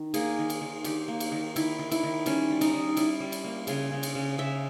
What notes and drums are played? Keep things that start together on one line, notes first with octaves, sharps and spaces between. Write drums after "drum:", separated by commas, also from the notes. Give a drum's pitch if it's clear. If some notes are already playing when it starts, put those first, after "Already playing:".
Already playing: D#3
A#3 G#4, drum: cymbal
D#3
drum: cymbal
D#3
D#3 G4, drum: cymbal
A#3
drum: cymbal
D#3
D#3 E4, drum: cymbal
D#3
E4, drum: cymbal
D#3
G3 C#4, drum: cymbal
G3
D#4, drum: cymbal
G3
G3 E4, drum: cymbal
G3
drum: cymbal
A#3
C#3 G#4, drum: cymbal
C#3
drum: cymbal
C#3
C#3 E5